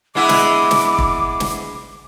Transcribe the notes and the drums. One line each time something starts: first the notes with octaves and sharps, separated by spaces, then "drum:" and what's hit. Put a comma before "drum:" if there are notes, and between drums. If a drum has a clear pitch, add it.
G#3 B3 E4 D6
drum: snare
drum: snare
drum: kick
drum: snare